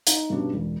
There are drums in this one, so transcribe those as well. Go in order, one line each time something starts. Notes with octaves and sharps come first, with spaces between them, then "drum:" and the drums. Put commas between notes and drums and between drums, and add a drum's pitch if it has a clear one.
D#4, drum: hi-hat
G2 B2 G3 C#4 D4
E1